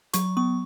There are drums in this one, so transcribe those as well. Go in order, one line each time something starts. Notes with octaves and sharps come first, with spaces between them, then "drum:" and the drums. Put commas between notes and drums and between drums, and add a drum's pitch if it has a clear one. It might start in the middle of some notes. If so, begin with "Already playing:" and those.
F#3 C#6, drum: hi-hat
B3 C#6